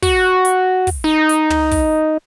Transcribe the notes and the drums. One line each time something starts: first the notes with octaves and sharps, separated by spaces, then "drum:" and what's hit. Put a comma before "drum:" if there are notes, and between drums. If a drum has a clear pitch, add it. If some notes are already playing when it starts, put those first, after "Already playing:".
F#4, drum: kick, open hi-hat
drum: hi-hat
drum: kick, open hi-hat
D#4
drum: hi-hat
drum: tom
drum: kick, open hi-hat